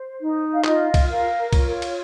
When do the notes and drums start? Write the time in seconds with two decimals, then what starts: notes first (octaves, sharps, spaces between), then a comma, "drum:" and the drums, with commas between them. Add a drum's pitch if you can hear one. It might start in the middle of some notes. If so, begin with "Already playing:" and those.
Already playing: C5
0.20 D#4
0.54 F5
0.64 F4 D#5, drum: clap
0.94 drum: kick C2, cymbal
1.08 A#4 F5
1.53 F4 C#5, drum: kick C2, cymbal
1.82 drum: cymbal